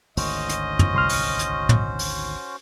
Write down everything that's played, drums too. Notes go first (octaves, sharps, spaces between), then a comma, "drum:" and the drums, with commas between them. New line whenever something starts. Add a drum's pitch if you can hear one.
G#1 D2 D#3 C#4 F#4 C5 D#5, drum: open hi-hat
drum: hi-hat
drum: tom
C2 C6 F6
drum: open hi-hat
drum: hi-hat
drum: tom
drum: open hi-hat